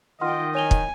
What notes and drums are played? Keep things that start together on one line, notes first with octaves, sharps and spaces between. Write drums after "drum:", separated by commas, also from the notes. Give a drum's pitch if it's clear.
D#3 F4 D#5 F#5 G5 C6 F6
C#5 G#5 F7 G7
drum: kick